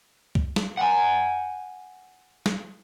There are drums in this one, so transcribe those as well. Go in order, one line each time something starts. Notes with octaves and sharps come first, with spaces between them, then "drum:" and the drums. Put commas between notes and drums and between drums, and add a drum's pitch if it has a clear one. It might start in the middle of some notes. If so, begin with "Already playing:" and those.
drum: kick C#2
drum: snare
F#5 G#5
drum: snare